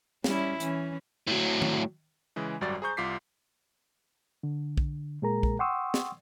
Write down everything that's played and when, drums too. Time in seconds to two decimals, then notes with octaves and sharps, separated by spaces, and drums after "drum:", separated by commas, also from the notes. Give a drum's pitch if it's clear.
0.24 G3 C#4 E4, drum: snare
0.60 E3 C#4, drum: hi-hat
1.27 A2 F#3
1.62 drum: tom D#3
2.36 C#3 E3 G#3
2.61 G#1 F#2 G3 F#4 D5 A6
2.82 G#4 C5 A#5 C#6 G6
2.97 C2 F4 D6 B6 C7
4.43 D3
4.77 drum: kick
5.22 A#2 G#3 G#4 A#4 A#5
5.43 drum: kick
5.59 F#5 G5 C6 C#6 D#6 E6
5.94 drum: snare